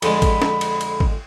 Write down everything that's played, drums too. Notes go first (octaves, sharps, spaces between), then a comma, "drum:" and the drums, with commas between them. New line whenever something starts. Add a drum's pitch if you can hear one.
F2 D3 G#3 B5, drum: cymbal
drum: kick G#1, cymbal
drum: snare
drum: cymbal
drum: cymbal
drum: kick G#1